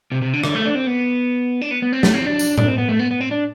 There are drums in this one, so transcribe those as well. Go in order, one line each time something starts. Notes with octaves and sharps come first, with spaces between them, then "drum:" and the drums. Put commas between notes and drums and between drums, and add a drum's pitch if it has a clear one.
C3
C3
D3
D3, drum: rim click
A3
D4
C4
B3
D4
B3
B3
C4
A3, drum: snare
C4
D4
drum: tambourine
D4, drum: tom A2
C4
B3
A3
B3
B3
C4
D4